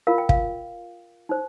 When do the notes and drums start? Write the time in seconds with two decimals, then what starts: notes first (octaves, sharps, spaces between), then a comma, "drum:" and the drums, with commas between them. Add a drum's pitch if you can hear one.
0.07 F4 A#4 F5
0.18 G5
0.29 F5, drum: kick
1.29 D#4 C5